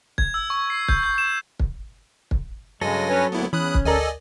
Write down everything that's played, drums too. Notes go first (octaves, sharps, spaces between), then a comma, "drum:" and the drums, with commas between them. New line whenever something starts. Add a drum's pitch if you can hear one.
G#6, drum: kick
E6
C#6
C7
G6, drum: kick
G6
E7
drum: kick
drum: kick
G2 C#3 F#3 G#3 A4 G#5 A#6
C#4 B4 C#5
D2 A#2 B3 E4
E2 E3 C#4 B5 D#6 F#6
drum: kick
D2 A4 A#4 D5 D#5 G#5